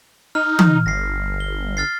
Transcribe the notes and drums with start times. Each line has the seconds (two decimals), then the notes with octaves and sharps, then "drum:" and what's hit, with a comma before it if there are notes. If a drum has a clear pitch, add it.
0.35 D#4 F6
0.59 drum: tom E3
0.86 G1 A#6 C7
1.40 G7
1.77 F6 A6 C7